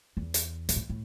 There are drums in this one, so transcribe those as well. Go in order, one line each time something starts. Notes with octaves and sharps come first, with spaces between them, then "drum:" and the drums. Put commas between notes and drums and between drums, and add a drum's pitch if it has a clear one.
E2
drum: hi-hat
A#2, drum: hi-hat
A2
A2